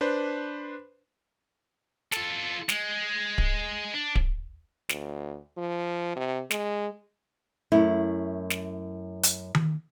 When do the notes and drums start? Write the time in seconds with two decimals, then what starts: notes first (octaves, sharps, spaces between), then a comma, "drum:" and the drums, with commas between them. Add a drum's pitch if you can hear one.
0.01 D4 B4 C5
2.12 F4 A4, drum: snare
2.69 G#3, drum: snare
3.38 drum: kick D1
3.94 D4
4.15 drum: kick D1
4.89 D2, drum: snare
5.57 F3
6.16 C3
6.51 G#3, drum: snare
7.72 F#2 A3 E4
8.50 drum: snare
9.23 drum: hi-hat
9.55 drum: tom D#3